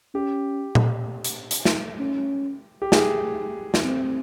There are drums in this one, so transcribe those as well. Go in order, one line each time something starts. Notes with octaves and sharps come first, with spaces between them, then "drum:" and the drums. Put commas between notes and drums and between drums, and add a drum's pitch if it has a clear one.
C#4 G4
drum: tom A#2
drum: hi-hat
drum: hi-hat
drum: snare
C#4
G4
G#4, drum: snare
drum: snare
C4